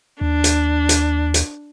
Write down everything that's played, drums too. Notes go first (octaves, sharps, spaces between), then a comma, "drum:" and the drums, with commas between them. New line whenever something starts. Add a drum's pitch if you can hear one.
D#2 D4
drum: hi-hat
drum: hi-hat
drum: hi-hat